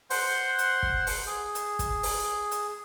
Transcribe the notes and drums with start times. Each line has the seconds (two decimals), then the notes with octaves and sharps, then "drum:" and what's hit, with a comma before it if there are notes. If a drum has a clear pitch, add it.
0.10 C5 F#5 C6, drum: open hi-hat
0.59 drum: hi-hat
0.83 drum: kick
1.07 drum: open hi-hat
1.26 G#4
1.55 drum: hi-hat
1.79 drum: kick, hi-hat
2.03 drum: open hi-hat
2.51 drum: hi-hat